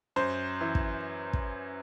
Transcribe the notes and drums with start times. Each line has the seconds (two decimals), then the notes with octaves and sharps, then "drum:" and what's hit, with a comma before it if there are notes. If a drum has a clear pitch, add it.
0.16 F#2 C5
0.61 E3
0.75 drum: kick
1.33 drum: kick